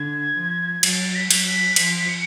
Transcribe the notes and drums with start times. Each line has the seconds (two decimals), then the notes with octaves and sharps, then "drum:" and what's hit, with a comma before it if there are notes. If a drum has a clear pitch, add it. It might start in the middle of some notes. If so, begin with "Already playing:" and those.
Already playing: D3 G#6
0.37 F3
0.83 F#3 A6, drum: cymbal
1.15 B6
1.31 F#3, drum: cymbal
1.45 B6
1.76 F3 B6, drum: cymbal
2.08 C#7